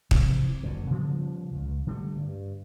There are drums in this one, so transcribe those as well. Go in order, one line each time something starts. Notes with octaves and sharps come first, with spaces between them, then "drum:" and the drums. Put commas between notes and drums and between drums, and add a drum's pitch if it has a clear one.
C3 E3 F3 C4, drum: kick
F#1 F#2 D3
C#3 F3 G3 B3
C#2
D3 G3 A3
G2